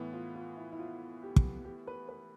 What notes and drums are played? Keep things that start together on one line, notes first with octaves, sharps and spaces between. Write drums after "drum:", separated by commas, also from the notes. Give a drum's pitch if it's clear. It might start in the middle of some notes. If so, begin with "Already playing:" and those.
Already playing: A2 E3 B3
F4
F4
E4
E4
F4
G4
drum: kick
G4
B4
B4